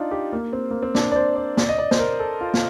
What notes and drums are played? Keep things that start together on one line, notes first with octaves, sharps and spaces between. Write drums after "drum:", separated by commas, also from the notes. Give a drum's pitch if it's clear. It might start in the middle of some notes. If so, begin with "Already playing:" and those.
Already playing: D4 D#4 F4
G4
A#3
C4
A#3
C4
D4, drum: snare
D5
C5
D5
D5, drum: snare
D#5
D5
C5, drum: snare
A#4
A4
F4
F4, drum: snare